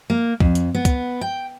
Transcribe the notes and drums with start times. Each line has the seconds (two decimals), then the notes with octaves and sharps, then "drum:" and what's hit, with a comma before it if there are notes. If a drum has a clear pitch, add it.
0.10 A#3
0.40 F2, drum: kick
0.55 drum: hi-hat
0.75 B3
0.85 drum: kick, hi-hat
1.21 G5